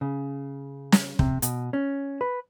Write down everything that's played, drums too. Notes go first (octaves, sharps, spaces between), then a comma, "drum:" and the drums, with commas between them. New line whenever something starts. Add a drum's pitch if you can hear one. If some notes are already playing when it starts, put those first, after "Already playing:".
C#3
drum: snare
C3, drum: kick
B2, drum: hi-hat
C#4
B4